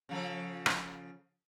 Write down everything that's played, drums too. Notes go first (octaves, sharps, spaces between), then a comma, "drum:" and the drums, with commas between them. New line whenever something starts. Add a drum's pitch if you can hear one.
C#3 F3 A4
drum: rim click